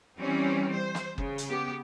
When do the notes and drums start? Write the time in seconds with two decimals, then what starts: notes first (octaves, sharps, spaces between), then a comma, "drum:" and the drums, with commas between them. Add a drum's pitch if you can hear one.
0.19 E3 G3 C4 C#4
0.73 C5
0.95 drum: snare
1.18 C#3, drum: kick F#1
1.38 drum: hi-hat
1.48 B3 G4